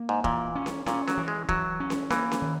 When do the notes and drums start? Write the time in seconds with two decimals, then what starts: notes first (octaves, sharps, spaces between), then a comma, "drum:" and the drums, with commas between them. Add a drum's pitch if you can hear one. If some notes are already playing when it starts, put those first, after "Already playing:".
Already playing: A#3
0.09 G#2
0.24 A#2 E3, drum: kick
0.55 C#4
0.66 drum: snare
0.86 A#2 C#4, drum: snare
1.08 F#3, drum: snare
1.18 E3
1.28 G#3
1.49 E3 F#3, drum: kick
1.80 C#4
1.90 drum: snare
2.10 E3 A#3, drum: snare
2.31 drum: snare
2.42 D#3